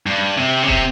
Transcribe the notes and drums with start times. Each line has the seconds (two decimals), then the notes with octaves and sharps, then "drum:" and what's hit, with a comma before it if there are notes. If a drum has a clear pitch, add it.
0.06 G2
0.38 C3
0.63 C#3
0.68 C3, drum: kick D#1